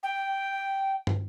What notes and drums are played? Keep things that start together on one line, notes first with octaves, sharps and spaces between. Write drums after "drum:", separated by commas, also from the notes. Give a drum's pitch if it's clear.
G5
drum: tom